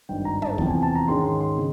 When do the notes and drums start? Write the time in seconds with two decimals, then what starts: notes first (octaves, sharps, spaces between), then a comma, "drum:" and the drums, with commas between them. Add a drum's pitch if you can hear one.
0.09 G#1 G2 D#3 G5
0.25 A#5
0.42 A5, drum: tom
0.58 E2 C3 F3 A5, drum: kick
0.70 G#5
0.83 A5
0.95 A#5
1.08 G#2 D#3 G#3 C#4 C6
1.24 C6
1.40 C6
1.57 C#3